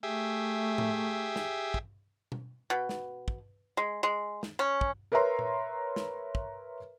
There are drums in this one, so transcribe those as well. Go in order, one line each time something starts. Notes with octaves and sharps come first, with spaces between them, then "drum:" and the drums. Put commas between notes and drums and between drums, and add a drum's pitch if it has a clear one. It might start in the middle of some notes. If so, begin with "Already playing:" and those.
A3 G4 G#4 E5
drum: tom A2
drum: snare
drum: kick
drum: tom B2
B2
drum: snare
drum: kick
G#3
G#3
drum: snare
C#4
drum: kick
A#4 B4 C#5 E5 A#5 C6
drum: tom A#2
drum: snare
drum: kick